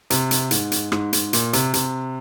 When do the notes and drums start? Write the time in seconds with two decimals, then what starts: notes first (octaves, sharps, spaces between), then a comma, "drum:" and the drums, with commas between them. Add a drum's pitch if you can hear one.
0.10 C3, drum: hi-hat
0.31 drum: hi-hat
0.51 G#2, drum: hi-hat
0.72 drum: hi-hat
0.92 G#2, drum: rim click
1.13 G#2, drum: hi-hat
1.33 A#2, drum: hi-hat
1.53 C3, drum: hi-hat
1.74 C3, drum: hi-hat